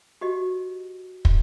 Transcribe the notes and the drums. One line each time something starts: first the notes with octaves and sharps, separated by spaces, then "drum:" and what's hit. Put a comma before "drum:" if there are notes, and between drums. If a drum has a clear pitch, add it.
F#4 G4 D#5
drum: kick